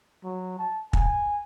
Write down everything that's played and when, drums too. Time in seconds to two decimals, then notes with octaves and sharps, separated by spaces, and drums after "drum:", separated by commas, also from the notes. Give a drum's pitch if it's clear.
0.24 F#3
0.59 A5
0.93 G#5, drum: kick